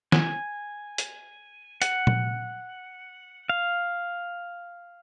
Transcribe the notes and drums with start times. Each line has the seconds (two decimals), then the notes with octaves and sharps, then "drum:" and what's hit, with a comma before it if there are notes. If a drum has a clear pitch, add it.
0.12 G#5, drum: snare
0.98 drum: hi-hat
1.82 F#5, drum: hi-hat
2.07 drum: tom A#2
3.50 F5